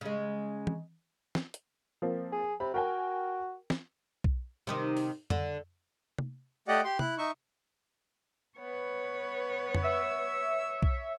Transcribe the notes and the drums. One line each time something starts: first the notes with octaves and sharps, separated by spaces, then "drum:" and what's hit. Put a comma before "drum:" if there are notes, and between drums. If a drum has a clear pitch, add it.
C#3 G#3
drum: tom E3
drum: snare
drum: hi-hat
F3 A#3 C4
G#4
C3 B5
F#4 A#4 G5 G#5
drum: snare
drum: kick B1
C3 D#3 D#4
drum: open hi-hat
D3, drum: tom F2
drum: tom C3
A3 G4 D5 D#5 F#5
G4 C6
E4 F#6, drum: tom C3
D#4 E5 C#6
B3 B4 C#5
drum: tom F2
E5 E6
drum: kick B1